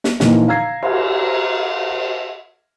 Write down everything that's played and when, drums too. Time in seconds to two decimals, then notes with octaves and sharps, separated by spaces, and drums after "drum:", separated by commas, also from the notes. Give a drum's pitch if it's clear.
0.04 drum: snare
0.20 A#2 E3 F3 A#3 D#4, drum: snare
0.48 F5 A#5 E6 G#6 C7
0.83 drum: cymbal